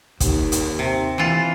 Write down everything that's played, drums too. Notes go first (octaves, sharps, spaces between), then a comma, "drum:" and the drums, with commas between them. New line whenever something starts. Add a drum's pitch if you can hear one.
D#2, drum: kick, hi-hat
drum: hi-hat
C3
E3 F4